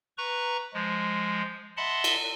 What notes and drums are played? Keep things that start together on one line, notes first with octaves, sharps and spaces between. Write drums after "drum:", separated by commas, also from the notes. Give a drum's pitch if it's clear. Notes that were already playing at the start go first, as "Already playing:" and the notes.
B4 A#5 C#6
F3 G#3
D#5 E5 F#5 A5 B5 C6
drum: cymbal